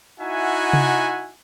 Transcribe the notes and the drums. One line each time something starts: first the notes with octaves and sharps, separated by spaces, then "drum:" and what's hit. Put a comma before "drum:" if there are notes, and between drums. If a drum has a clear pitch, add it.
D#4 E4 F#4 E5 F#5 G#5
drum: tom C3